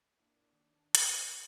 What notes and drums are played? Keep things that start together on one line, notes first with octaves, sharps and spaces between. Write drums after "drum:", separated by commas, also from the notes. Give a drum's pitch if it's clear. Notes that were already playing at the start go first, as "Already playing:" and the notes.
A#3 D4 E4
D#3
drum: hi-hat
A4